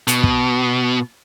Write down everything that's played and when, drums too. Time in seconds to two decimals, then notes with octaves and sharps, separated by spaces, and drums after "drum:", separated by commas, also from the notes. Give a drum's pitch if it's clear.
0.08 B2, drum: hi-hat
0.23 drum: kick